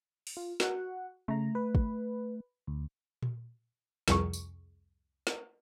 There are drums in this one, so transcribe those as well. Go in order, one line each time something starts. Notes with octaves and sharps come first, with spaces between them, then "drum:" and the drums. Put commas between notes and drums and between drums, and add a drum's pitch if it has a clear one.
drum: open hi-hat
F4
F#4 F#5, drum: snare
C#3 A3 A#5
B4
drum: kick
D2
drum: tom A#2
C2 F2 G#4 C#6, drum: snare
drum: tambourine
drum: snare